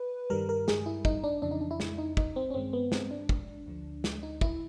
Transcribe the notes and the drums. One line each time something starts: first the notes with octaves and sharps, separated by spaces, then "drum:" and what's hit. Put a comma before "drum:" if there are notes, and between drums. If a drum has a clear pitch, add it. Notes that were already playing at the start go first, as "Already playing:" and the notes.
Already playing: B4
G2 D#3 G3 A#4
A#4
G#4, drum: snare
E4
D#4, drum: kick
D4
F2 C#3 E3 D4
D#4
D4
E4
drum: snare
D#4
D#4, drum: kick
C4
C#4
G2 D#3 G#3 C4
B3
C4, drum: snare
D4
drum: kick
D2 D3 F3
drum: snare
D#4
E4, drum: kick